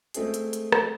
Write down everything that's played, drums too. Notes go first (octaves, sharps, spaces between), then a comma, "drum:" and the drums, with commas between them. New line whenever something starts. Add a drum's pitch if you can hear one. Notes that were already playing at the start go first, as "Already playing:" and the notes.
G#3 A3 C4 G#4, drum: hi-hat
drum: hi-hat
drum: hi-hat
drum: rim click